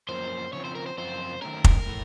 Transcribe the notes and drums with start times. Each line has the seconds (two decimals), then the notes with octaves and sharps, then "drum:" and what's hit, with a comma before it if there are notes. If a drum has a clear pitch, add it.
0.09 F#2 F3 A#3 C#4 C5
0.53 C#3 F3 C4 C#5
0.65 C5
0.75 A#4
0.86 C5
0.98 F#2 C#3 F3 C4 F4 C5
1.42 D#3 A3 C#4 A#4
1.64 drum: kick F1
1.86 A2 A3